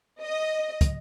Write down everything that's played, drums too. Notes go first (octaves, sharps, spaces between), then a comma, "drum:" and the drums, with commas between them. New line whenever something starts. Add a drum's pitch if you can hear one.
D#5
drum: kick, hi-hat